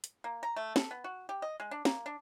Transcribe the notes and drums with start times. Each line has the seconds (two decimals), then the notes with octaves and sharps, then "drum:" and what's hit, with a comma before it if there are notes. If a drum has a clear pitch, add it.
0.04 drum: hi-hat
0.24 A#3
0.43 A#5
0.56 A3
0.76 A4, drum: snare
0.91 B3
1.04 F#4
1.29 G4
1.42 D#5
1.60 G#3
1.71 D4
1.85 A#3, drum: snare
2.06 D4